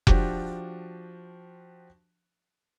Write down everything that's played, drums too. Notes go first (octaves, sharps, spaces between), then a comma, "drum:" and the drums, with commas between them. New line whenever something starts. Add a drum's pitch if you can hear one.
F3 D4 F#4 G4, drum: kick F1